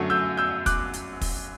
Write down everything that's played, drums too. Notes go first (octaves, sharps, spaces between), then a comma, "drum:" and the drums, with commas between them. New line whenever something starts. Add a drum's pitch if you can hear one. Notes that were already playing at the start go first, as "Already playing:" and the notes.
Already playing: F#2 D3 F#3 A3
E6 G6
E6 G6
D6 F#6, drum: kick, hi-hat
drum: hi-hat
drum: kick, open hi-hat